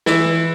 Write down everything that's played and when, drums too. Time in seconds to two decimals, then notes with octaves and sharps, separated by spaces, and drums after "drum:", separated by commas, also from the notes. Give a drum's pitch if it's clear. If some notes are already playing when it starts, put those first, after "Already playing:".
0.06 E3, drum: snare